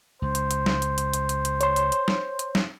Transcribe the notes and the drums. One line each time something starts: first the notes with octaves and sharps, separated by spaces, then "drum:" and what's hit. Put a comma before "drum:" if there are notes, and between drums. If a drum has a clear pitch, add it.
C#2 C5
drum: hi-hat
drum: hi-hat
drum: snare
drum: hi-hat
drum: hi-hat
drum: hi-hat
drum: hi-hat
drum: hi-hat
C#5 C6, drum: hi-hat
drum: hi-hat
drum: hi-hat
drum: snare
drum: hi-hat
drum: snare